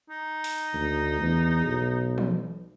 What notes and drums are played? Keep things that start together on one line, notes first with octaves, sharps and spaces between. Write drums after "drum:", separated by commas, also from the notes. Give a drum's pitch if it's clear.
D#4
drum: open hi-hat
D2
E2
B1
drum: tom